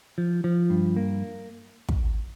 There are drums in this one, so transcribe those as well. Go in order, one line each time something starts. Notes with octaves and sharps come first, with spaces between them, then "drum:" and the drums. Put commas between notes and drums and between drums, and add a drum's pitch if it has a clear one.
F3
F3
G2
A#3
drum: kick